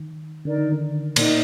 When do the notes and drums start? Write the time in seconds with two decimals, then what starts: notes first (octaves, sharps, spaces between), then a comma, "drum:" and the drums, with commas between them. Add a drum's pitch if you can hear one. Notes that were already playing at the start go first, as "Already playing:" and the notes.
Already playing: D#3
0.45 D3 D#4 A#4 D5
0.58 D#3
0.72 D3
1.16 A#2 D#4 A#4 D5, drum: cymbal